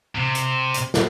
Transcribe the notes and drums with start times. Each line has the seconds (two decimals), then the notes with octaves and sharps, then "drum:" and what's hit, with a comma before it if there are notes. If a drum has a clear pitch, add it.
0.15 C3
0.35 drum: hi-hat
0.74 drum: hi-hat
0.94 drum: snare